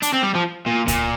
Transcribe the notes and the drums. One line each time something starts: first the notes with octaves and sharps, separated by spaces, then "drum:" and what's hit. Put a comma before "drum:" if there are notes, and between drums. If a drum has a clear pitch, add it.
D4, drum: hi-hat
C4
G3
F3
A#2
A#2, drum: kick C#2, hi-hat